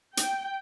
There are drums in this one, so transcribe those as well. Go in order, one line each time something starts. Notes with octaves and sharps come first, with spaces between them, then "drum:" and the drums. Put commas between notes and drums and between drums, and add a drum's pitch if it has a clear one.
G5, drum: hi-hat